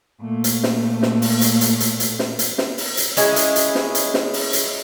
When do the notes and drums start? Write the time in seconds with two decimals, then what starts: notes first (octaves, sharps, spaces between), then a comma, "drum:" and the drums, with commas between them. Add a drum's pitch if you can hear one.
0.21 A#2 A3
0.44 drum: hi-hat
0.63 drum: snare
1.02 drum: snare
1.22 drum: open hi-hat
1.41 drum: hi-hat
1.61 drum: hi-hat
1.80 drum: hi-hat
2.00 drum: hi-hat
2.19 drum: snare
2.39 drum: hi-hat
2.58 drum: snare
2.78 drum: open hi-hat
2.97 drum: hi-hat
3.17 G#3 C#4 D#4 E4, drum: hi-hat
3.36 drum: hi-hat
3.56 drum: hi-hat
3.75 drum: snare
3.95 drum: hi-hat
4.14 drum: snare
4.34 drum: open hi-hat
4.53 drum: hi-hat